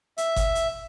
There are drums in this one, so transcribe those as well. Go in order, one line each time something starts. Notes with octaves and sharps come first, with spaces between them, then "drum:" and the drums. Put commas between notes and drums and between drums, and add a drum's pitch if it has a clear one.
E5, drum: hi-hat
drum: kick G1, hi-hat
drum: hi-hat